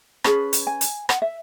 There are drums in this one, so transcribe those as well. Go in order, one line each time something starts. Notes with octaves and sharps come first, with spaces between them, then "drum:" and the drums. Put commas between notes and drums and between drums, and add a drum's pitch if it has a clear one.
C#4 G#4 B4 A5, drum: rim click
drum: hi-hat
G#5
drum: hi-hat
F#5, drum: rim click
E5